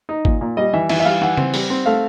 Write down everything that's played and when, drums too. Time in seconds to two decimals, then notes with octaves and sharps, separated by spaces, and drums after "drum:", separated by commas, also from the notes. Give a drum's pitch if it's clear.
0.09 D#4
0.25 A#2, drum: kick G#1
0.41 A#2
0.57 G3 D#5
0.73 E3 E5
0.89 E3 E5, drum: cymbal
1.00 E5
1.05 G3 F5
1.21 E3 F#5
1.37 C4, drum: tom C#3
1.54 G3, drum: open hi-hat
1.70 C4
1.86 A3 F5